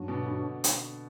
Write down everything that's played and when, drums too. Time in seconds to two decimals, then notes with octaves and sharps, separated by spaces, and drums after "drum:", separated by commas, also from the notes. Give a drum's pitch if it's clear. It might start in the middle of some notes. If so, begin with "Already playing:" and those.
Already playing: G2 F#3 B3 D4 F#4
0.08 B2 D3
0.26 B2 D3
0.64 drum: hi-hat